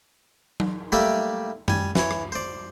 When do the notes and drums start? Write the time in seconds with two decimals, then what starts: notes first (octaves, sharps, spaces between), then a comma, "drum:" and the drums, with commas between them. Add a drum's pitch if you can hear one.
0.60 drum: tom F#3
0.92 G3 A3 A#3 G4 D5 E5
1.68 G3 G#5, drum: tom F#2
1.95 E3 C#5, drum: snare
2.11 drum: rim click
2.32 C5 D5